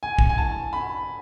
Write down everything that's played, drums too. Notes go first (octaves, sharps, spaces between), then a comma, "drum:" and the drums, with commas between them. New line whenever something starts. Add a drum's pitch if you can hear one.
G#5
drum: kick
G#5
A5
B5